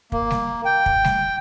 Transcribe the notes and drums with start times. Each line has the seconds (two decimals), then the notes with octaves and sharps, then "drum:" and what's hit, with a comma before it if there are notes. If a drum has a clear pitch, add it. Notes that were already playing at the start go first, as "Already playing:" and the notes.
0.12 A#3, drum: kick
0.30 drum: snare G3
0.65 G5
0.86 drum: kick
1.04 drum: snare G3